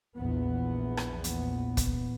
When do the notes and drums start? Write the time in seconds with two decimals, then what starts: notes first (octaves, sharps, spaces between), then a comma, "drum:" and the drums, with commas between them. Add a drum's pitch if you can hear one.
0.18 A#1 E2 B3
0.97 drum: rim click
1.24 drum: hi-hat
1.77 drum: kick, hi-hat